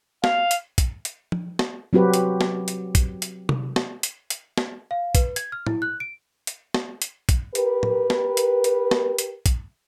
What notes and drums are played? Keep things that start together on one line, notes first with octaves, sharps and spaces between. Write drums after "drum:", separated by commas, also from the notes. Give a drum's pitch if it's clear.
F5, drum: snare
drum: hi-hat
drum: kick, hi-hat
drum: hi-hat
drum: tom F3
drum: snare
F#3 C4 F#4 G4 B4
drum: hi-hat
drum: snare
drum: hi-hat
drum: kick, hi-hat
drum: hi-hat
drum: tom C3
drum: snare
drum: hi-hat
drum: hi-hat
drum: snare
F5
B4, drum: kick, hi-hat
G#6, drum: hi-hat
F6
E4, drum: tom
F#6
D7
drum: hi-hat
drum: snare
drum: hi-hat
drum: kick, hi-hat
G4 A#4 B4, drum: hi-hat
drum: tom
drum: snare
drum: hi-hat
drum: hi-hat
drum: snare
drum: hi-hat
drum: kick, hi-hat